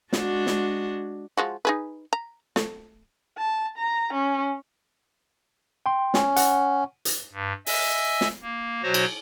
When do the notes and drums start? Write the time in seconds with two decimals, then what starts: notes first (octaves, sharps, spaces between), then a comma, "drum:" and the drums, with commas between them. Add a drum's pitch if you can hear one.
0.13 G#3 D4 F#4, drum: snare
0.47 drum: snare
1.37 F3 G#3 F#4
1.65 D#4 G#4 B4
2.13 A#5
2.56 A3, drum: snare
3.38 A5
3.77 A#5
4.13 C#4
5.86 G5 C6
6.14 C#4, drum: snare
6.36 F#5, drum: hi-hat
7.05 drum: hi-hat
7.32 G2
7.66 D#5 E5 G#5 E6, drum: open hi-hat
8.21 drum: snare
8.42 A#3
8.83 B2 F#3 F#4 C5 C#5 A#6
8.94 drum: cymbal